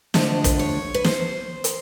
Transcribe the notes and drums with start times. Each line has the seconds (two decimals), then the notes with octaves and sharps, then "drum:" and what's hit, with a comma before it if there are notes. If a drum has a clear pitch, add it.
0.14 D2 D3 F3 A3 D#5, drum: snare
0.44 drum: kick, hi-hat
0.59 C#5
0.94 B4
1.04 C5, drum: snare
1.64 drum: hi-hat